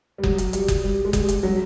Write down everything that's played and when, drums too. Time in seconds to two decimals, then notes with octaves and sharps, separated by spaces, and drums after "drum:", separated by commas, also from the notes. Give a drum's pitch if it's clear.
0.18 G3
0.23 F#3, drum: kick F#1
0.38 drum: hi-hat
0.53 G3, drum: hi-hat
0.68 drum: kick F#1, hi-hat
0.84 G3
1.05 G#3
1.13 G3, drum: kick F#1, hi-hat
1.29 drum: hi-hat
1.43 F#3